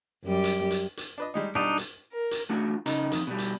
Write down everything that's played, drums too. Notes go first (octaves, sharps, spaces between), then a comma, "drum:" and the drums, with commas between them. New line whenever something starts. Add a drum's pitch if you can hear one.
F#2 G3 G4
drum: hi-hat
drum: hi-hat
drum: hi-hat
D4 B4 D#5
G3 G#3 D#4
B1 G3 D4 D#4 A5
drum: hi-hat
A#4
drum: hi-hat
A3 D4 F4 F#4
C#3 D#4 A#4, drum: hi-hat
F2 D#3, drum: hi-hat
B2 G3
drum: hi-hat